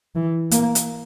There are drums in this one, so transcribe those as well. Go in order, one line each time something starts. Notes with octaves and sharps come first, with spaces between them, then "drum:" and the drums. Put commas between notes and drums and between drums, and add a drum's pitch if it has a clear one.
E3
A#3, drum: hi-hat
drum: hi-hat